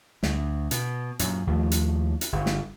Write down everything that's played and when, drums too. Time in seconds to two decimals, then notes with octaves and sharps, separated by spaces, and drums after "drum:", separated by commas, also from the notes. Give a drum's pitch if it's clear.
0.23 D2, drum: snare
0.71 B2, drum: hi-hat
1.19 F#2 A#2, drum: hi-hat
1.47 D#2 F3 A3
1.72 drum: hi-hat
2.21 drum: hi-hat
2.32 G1
2.46 drum: snare